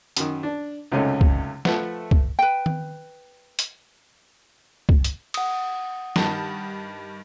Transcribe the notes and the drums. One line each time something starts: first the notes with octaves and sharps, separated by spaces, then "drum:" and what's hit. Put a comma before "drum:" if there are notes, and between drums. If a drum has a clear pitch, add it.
F#2 D#3, drum: hi-hat
D4
C#2 F#2 C3 A3 C#4 D#4
drum: kick C2
F3 A3 A4 B4 F#5, drum: snare
drum: kick C2
B4 G5
drum: tom D#3
drum: hi-hat
drum: kick C2
drum: hi-hat
F#5 D#6, drum: cymbal
G2 D#3 A5, drum: snare